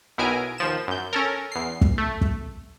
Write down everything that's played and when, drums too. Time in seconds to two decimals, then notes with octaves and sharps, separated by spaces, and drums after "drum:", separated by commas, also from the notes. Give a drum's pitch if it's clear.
0.18 B1 B2 E4 A#4 G#5 D7
0.58 D#2 F3 E7
0.87 F#2 G6
1.13 C#4 A4 A#4
1.52 E2 C7
1.81 drum: kick
1.98 A3
2.21 drum: kick